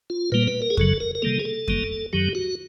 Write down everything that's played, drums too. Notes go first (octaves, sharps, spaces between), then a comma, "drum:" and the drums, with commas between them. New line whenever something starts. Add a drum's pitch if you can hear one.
F4
A#2 G3 A#3 B4
B4
A#4
G#4
F#2 C#3 F#3 A4, drum: kick F2
A#4
A#4
C3 D#3 G3 A#3 A4
G#4
A4
F#2 D#3 G3 A#3, drum: kick F2
F#2 D#3 F#3 G4
F#4